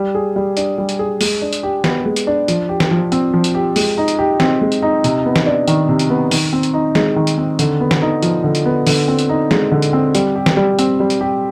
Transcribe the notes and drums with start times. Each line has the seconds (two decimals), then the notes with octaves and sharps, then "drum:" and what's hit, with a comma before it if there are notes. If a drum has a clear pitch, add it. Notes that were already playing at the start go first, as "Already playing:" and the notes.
Already playing: G3
0.15 G#4
0.36 G3
0.57 D4, drum: hi-hat
0.78 G3
0.89 drum: hi-hat
0.99 G#4
1.21 G#3, drum: open hi-hat
1.42 D4
1.53 drum: hi-hat
1.63 G4
1.84 B3, drum: snare
2.06 G#3
2.16 drum: hi-hat
2.27 D4
2.48 F3, drum: hi-hat
2.69 G4
2.80 drum: snare
2.91 F3
3.12 C4, drum: hi-hat
3.34 F3
3.44 drum: hi-hat
3.55 G4
3.76 G#3, drum: open hi-hat
3.98 D#4
4.08 drum: hi-hat
4.19 G4
4.40 C4, drum: snare
4.61 G#3
4.72 drum: hi-hat
4.82 D#4
5.04 C3, drum: hi-hat
5.26 B3
5.36 drum: snare
5.46 D4
5.68 D#3, drum: hi-hat
5.89 C3
5.99 drum: hi-hat
6.10 B3
6.31 D#3, drum: open hi-hat
6.53 C4
6.63 drum: hi-hat
6.74 D#4
6.95 G#3, drum: snare
7.16 D#3
7.27 drum: hi-hat
7.38 C4
7.59 D3, drum: hi-hat
7.80 B3
7.91 drum: snare
8.02 D#4
8.23 F3, drum: hi-hat
8.44 D3
8.55 drum: hi-hat
8.66 B3
8.87 D3, drum: open hi-hat
9.08 C4
9.19 drum: hi-hat
9.29 D#4
9.51 G#3, drum: snare
9.72 D3
9.82 drum: hi-hat
9.93 C4
10.15 G3, drum: hi-hat
10.36 G4
10.46 drum: snare
10.57 G3
10.79 C4, drum: hi-hat
11.00 G3
11.10 drum: hi-hat
11.21 G4